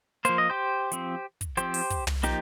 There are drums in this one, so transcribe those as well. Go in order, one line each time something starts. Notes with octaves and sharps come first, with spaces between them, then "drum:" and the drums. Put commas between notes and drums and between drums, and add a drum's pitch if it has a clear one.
F3 A#3 C5, drum: hi-hat
D#5
G4 C5
F3 C4, drum: hi-hat
drum: kick, hi-hat
F3 C4 G4 C5, drum: hi-hat
drum: open hi-hat
drum: kick, hi-hat
drum: tom
F3 A#3 D#4 G4, drum: hi-hat